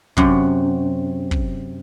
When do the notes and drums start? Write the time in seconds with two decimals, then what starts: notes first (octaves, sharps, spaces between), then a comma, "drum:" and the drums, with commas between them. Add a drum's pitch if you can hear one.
0.17 F#2 C3, drum: kick
1.31 drum: kick